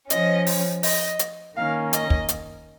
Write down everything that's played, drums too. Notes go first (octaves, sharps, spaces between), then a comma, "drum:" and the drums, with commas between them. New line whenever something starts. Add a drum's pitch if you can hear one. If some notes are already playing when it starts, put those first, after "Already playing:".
F3 C#4 D#5, drum: hi-hat
drum: open hi-hat
D#5, drum: open hi-hat
drum: hi-hat
D#3 A#3 C#4 F5
D#5, drum: hi-hat
drum: kick
drum: hi-hat